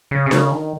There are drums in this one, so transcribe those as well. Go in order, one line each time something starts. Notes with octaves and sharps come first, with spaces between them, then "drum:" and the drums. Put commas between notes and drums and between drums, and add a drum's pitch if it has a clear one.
C#3
C3
C#3, drum: snare D4
D#3